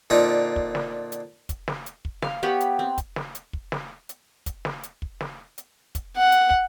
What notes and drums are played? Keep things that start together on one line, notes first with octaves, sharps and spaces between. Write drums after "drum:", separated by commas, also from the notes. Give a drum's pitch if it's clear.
A#2 D3 C4 D#4 F4
drum: kick
drum: snare
drum: hi-hat
drum: kick, hi-hat
drum: snare
drum: hi-hat
drum: kick
F5, drum: snare
B3 G4 C#5 B5
drum: hi-hat
C4
drum: kick, hi-hat
drum: snare
drum: hi-hat
drum: kick
drum: snare
drum: hi-hat
drum: kick, hi-hat
drum: snare
drum: hi-hat
drum: kick
drum: snare
drum: hi-hat
drum: kick, hi-hat
F#5
drum: hi-hat
drum: kick